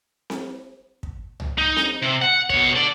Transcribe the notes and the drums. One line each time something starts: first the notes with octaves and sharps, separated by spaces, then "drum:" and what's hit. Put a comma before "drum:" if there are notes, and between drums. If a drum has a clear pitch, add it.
drum: snare C4
drum: kick
drum: tom C2
D#4
drum: snare C4
C3
F#5
B2 C#5, drum: kick
A4 D5